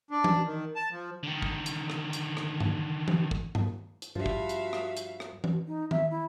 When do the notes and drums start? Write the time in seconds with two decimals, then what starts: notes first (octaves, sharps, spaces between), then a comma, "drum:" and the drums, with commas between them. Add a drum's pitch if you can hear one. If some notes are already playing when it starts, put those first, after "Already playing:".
0.11 D4
0.24 drum: tom E3
0.44 D#3
0.76 A5
0.91 F3
1.23 D3 D#3
1.42 drum: kick
1.66 drum: hi-hat
1.90 drum: rim click
2.13 drum: hi-hat
2.37 drum: rim click
2.60 drum: tom G2
3.08 drum: tom E3
3.31 drum: kick
3.55 drum: tom G2
4.02 drum: hi-hat
4.15 G2 F3 G3 F#4 E5 F5
4.26 drum: kick
4.49 drum: hi-hat
4.73 drum: rim click
4.97 drum: hi-hat
5.20 drum: rim click
5.44 drum: tom E3
5.67 D#4
5.91 E5, drum: tom D#3
6.10 E4